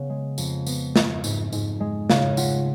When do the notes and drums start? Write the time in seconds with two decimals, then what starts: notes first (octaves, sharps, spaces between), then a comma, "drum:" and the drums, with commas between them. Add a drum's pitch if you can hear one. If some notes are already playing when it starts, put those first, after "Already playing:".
Already playing: C#3 B3 F#5
0.10 G#3
0.38 F2, drum: tambourine
0.66 B3, drum: tambourine
0.96 G#3, drum: snare
1.24 G#2, drum: tambourine
1.52 G#2, drum: tambourine
1.80 G#3
2.10 C#3 F5, drum: snare
2.37 F4 F#5, drum: tambourine